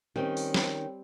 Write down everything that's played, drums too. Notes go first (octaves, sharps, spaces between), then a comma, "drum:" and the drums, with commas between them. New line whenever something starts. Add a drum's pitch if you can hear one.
D#3 G3 C4 C#4 C#5 G5
drum: open hi-hat
drum: snare